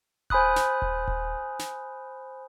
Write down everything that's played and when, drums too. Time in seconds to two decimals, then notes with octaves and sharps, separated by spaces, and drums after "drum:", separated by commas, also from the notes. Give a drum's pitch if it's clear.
0.30 C5 G#5 B5 D#6 F#6, drum: kick D#1
0.56 drum: snare
0.82 drum: kick D#1
1.08 drum: kick D#1
1.59 drum: snare